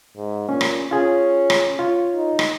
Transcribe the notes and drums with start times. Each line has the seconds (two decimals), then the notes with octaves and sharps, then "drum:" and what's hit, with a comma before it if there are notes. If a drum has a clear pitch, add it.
0.16 G#2
0.49 A#2 C#4
0.61 drum: rim click
0.91 C#4 F4 G#4
1.50 drum: rim click
1.79 F4 C#5
2.14 D#4
2.39 drum: rim click